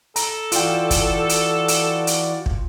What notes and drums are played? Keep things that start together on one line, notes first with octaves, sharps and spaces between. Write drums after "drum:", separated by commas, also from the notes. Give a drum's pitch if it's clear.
A4 A#5, drum: hi-hat
E3 F4 F#4 D5 G5, drum: hi-hat
drum: kick, hi-hat
drum: hi-hat
drum: hi-hat
drum: hi-hat
drum: kick